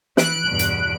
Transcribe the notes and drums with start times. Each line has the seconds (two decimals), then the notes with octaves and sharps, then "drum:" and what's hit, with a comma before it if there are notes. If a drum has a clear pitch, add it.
0.17 E3 F#6 D7, drum: snare
0.49 E2 G2 B2
0.59 drum: hi-hat